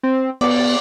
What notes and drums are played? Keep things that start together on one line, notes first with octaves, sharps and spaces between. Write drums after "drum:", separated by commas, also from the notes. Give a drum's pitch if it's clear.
C4
B3 D5, drum: cymbal